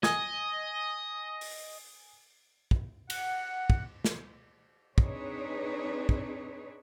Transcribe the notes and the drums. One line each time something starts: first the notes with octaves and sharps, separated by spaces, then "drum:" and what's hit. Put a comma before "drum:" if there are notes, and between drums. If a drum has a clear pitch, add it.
D#5 G#5 D#6 G#6, drum: snare
drum: open hi-hat
drum: kick
F#5, drum: cymbal
drum: kick
drum: snare
C4 D4 D#4 G#4 B4 C#5, drum: kick
drum: kick